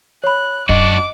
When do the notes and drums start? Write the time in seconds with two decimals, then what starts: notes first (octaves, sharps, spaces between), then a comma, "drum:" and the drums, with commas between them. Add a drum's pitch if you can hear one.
0.24 C#5 B5 F#6
0.69 F#2 D4 F#4 D#5 D6, drum: kick